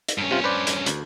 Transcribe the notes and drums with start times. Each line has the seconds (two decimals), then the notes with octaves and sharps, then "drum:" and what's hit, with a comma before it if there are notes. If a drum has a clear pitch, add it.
0.08 drum: hi-hat
0.18 G2 C#4
0.31 C3 F4
0.44 B4 C5 D5
0.67 drum: hi-hat
0.86 D2, drum: hi-hat